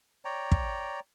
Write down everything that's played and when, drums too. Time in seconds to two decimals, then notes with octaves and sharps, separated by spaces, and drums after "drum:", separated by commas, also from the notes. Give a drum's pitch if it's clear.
0.25 C#5 D5 G5 A#5
0.52 drum: kick